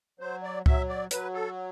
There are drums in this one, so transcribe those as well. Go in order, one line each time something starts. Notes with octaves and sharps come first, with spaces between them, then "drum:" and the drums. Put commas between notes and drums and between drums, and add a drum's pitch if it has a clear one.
F#3 C5
D5
F#3 E5, drum: kick C#2
D5
F#3 B4, drum: hi-hat
A4